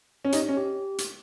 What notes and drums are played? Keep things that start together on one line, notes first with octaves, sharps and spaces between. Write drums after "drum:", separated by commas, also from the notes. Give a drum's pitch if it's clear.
C#4
D#4 G4, drum: hi-hat
C#4
G4
drum: hi-hat